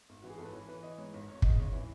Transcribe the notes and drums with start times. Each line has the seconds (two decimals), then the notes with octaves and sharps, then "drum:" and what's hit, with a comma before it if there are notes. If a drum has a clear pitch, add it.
0.09 G#1
0.22 E3 F#4
0.30 G#4
0.38 G#1 A4
0.45 B4
0.53 E3 C#5
0.68 E3 B4
0.83 E3 D#5
0.98 G#2 C#5
1.13 G#1 C#5
1.28 G#1 C#5
1.42 C#3 D#5, drum: kick
1.58 G#1 C#5
1.73 E3 E4